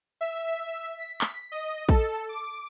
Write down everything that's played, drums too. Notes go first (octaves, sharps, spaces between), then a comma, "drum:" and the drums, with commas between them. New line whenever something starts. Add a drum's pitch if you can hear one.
E5
B6
drum: clap
D#5
A4, drum: kick
D6